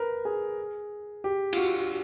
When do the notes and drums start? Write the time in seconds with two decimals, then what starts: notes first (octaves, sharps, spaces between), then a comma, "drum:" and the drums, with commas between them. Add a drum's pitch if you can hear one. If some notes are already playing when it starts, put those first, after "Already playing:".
Already playing: A#4 B4
0.25 G#4
1.24 G4
1.53 F4, drum: cymbal
1.57 F#4